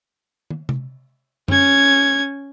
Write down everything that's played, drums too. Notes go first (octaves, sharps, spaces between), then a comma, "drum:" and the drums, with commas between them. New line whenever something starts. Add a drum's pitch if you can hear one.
drum: tom
drum: tom C3
C#4 G#6, drum: tom F#2